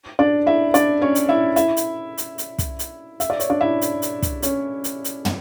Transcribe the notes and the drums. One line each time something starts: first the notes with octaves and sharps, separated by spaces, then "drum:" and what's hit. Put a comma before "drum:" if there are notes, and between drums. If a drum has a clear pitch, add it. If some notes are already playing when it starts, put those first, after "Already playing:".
D4 D5
E4 E5
D4 D5, drum: hi-hat
C#4 C#5
drum: hi-hat
E4 E5
E4 E5, drum: hi-hat
drum: hi-hat
drum: hi-hat
drum: hi-hat
drum: kick, hi-hat
drum: hi-hat
E5, drum: hi-hat
D5
C#5, drum: hi-hat
D4 D5
E4 E5
drum: hi-hat
drum: hi-hat
drum: kick, hi-hat
C#4 C#5, drum: hi-hat
drum: hi-hat
drum: hi-hat
drum: tom